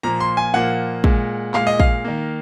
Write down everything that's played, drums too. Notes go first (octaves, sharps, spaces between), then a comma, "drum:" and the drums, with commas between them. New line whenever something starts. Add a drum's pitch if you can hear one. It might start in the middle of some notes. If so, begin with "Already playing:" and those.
A#2 F3 A#3 A#5
C6
G#5
A#2 F3 A#3 F#5
A#2 G#3, drum: kick
A#2 G#3 F5, drum: clap
D#5
F5, drum: kick
D#3 A#3